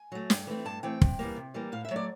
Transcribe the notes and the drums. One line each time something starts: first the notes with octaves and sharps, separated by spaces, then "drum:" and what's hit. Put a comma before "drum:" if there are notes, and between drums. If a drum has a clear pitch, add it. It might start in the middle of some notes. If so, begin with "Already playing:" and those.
Already playing: G#5
F#3 A3
G2, drum: snare
E3 A3 C4
G2 A5
E3 A3 C4 G5
C3, drum: kick
E3 G3 A#3
C3
E3 G3 A#3
A2 F5
E5
F#3 A3 D5